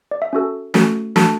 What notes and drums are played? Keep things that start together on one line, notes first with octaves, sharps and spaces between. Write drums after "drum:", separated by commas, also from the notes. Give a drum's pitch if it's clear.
D5
E5
C#4 F#4 A4
A3 C#4 F#4 A4, drum: snare
A3 D4 F#4 A4 A5, drum: snare